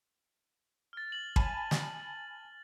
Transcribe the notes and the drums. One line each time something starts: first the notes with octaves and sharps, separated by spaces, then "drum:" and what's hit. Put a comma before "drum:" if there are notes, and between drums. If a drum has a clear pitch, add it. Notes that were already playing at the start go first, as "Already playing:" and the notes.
F6 A6
A6 F#7
G#5 A5 B5, drum: kick
drum: snare